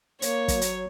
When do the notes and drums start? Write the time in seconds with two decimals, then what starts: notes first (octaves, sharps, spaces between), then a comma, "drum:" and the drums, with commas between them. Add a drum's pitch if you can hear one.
0.22 A#3 C#5, drum: hi-hat
0.48 F#3, drum: kick, hi-hat
0.61 drum: hi-hat